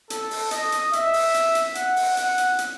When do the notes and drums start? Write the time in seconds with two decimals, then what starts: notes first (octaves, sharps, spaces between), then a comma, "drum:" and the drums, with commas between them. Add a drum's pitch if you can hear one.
0.10 A4, drum: hi-hat
0.31 drum: open hi-hat
0.51 D#5, drum: hi-hat
0.72 drum: hi-hat
0.93 E5, drum: hi-hat
1.14 drum: open hi-hat
1.34 drum: hi-hat
1.55 drum: hi-hat
1.75 F#5, drum: hi-hat
1.96 drum: open hi-hat
2.17 F#5, drum: hi-hat
2.38 drum: hi-hat
2.59 drum: hi-hat